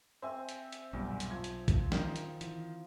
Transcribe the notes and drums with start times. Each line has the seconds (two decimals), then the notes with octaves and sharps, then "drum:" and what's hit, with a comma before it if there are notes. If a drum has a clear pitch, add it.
0.22 C4 C5 E5 G#5
0.49 drum: hi-hat
0.72 drum: hi-hat
0.93 B1 E2 G2 A#2
1.20 drum: hi-hat
1.31 F3 G#6
1.44 drum: hi-hat
1.68 drum: kick B1, hi-hat
1.92 D#3, drum: snare
2.16 drum: hi-hat
2.41 E3, drum: hi-hat